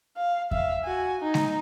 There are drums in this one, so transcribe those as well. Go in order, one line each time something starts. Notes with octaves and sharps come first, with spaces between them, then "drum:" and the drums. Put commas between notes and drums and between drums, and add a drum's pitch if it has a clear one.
F5
E5 F5, drum: kick E2
F#4 G#5
D#4
drum: snare G#3